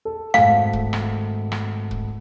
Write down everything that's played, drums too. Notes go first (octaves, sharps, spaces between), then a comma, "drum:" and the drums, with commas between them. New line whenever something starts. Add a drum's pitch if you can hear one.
A4
G#1 A3 F5, drum: rim click
drum: kick
drum: rim click
drum: rim click
drum: kick